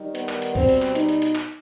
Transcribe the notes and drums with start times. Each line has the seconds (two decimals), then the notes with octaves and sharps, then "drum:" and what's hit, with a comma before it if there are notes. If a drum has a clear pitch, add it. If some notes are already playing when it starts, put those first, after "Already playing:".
Already playing: D#3 G3
0.15 B3, drum: hi-hat
0.29 drum: clap
0.42 drum: hi-hat
0.55 B2 G3 C4, drum: kick, open hi-hat
0.69 drum: open hi-hat
0.82 drum: clap
0.95 D#4, drum: hi-hat
1.09 drum: hi-hat
1.22 drum: hi-hat
1.35 drum: clap